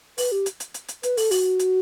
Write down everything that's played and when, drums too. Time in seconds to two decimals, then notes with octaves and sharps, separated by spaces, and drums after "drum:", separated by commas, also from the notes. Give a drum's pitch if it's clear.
0.18 B4, drum: open hi-hat
0.32 G4
0.46 drum: hi-hat
0.60 drum: hi-hat
0.74 drum: hi-hat
0.88 drum: hi-hat
1.03 B4, drum: hi-hat
1.17 A4, drum: open hi-hat
1.31 F#4, drum: open hi-hat
1.59 drum: hi-hat